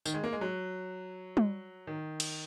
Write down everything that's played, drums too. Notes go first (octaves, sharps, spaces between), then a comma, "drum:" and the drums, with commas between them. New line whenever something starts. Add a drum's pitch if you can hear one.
D#3, drum: tambourine
G#3
A#3
G#3
F#3
drum: tom G3
D#3
drum: cymbal